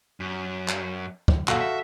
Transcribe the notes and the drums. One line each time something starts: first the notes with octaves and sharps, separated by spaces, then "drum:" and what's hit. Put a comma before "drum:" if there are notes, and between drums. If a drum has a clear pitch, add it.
F#2
drum: clap
drum: kick
A#2 F#4 A4 F5, drum: clap
E5